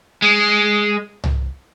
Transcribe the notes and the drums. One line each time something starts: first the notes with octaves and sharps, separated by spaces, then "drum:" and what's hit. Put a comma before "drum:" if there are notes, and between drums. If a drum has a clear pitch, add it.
G#3
drum: tom C2